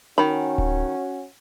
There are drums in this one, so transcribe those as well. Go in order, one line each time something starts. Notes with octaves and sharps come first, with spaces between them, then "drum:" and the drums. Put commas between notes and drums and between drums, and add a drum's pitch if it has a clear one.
D#3 C#4 F#4 B5
drum: kick D1